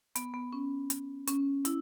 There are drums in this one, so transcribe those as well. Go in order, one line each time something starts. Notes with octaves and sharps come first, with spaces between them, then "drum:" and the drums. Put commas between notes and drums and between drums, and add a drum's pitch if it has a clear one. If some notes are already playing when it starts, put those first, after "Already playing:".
B3, drum: hi-hat
B3
C#4
drum: hi-hat
C#4, drum: hi-hat
E4, drum: hi-hat